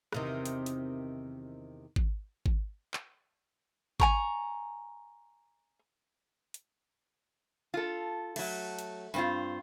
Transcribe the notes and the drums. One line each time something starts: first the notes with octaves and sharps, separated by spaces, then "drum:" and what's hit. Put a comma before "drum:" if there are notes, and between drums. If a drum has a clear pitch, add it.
E2 C3 D#3, drum: rim click
drum: hi-hat
drum: hi-hat
drum: kick G#1
drum: kick G#1
drum: clap
G#5 A#5 C#6, drum: kick G#1
drum: hi-hat
F4 A4
F#3 A3, drum: cymbal
drum: hi-hat
G2 C4 F4, drum: tambourine